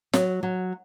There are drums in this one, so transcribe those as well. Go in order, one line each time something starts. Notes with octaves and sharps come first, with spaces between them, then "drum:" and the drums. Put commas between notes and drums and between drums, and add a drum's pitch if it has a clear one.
F#3, drum: snare
F#3